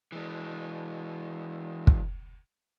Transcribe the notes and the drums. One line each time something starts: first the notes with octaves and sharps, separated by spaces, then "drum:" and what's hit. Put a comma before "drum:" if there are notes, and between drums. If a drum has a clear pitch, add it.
E3 G#3
drum: kick